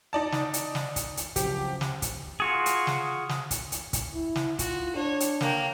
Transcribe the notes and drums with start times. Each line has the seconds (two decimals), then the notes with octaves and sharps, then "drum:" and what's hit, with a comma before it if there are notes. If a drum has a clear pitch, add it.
0.13 D#4 D5 A5
0.32 drum: snare
0.54 drum: hi-hat
0.75 drum: snare
0.96 drum: kick, hi-hat
1.17 drum: hi-hat
1.36 C#2 F3 F#3 C4 G4, drum: kick, hi-hat
1.81 drum: snare
2.02 drum: kick, hi-hat
2.40 F4 F#4 G#4
2.66 drum: hi-hat
2.87 drum: snare
3.29 drum: snare
3.51 drum: kick, hi-hat
3.72 drum: hi-hat
3.93 drum: kick, hi-hat
4.14 E4
4.36 drum: snare
4.59 F4 F#4, drum: kick, hi-hat
4.95 D4 C#5
5.20 drum: hi-hat
5.41 A#3 G5, drum: snare